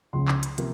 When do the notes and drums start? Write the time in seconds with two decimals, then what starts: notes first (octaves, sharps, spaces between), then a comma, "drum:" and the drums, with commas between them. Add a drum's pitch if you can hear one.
0.13 C#2 C#3 F3 C6
0.28 drum: clap
0.43 drum: hi-hat
0.58 C3 F3 A#3, drum: hi-hat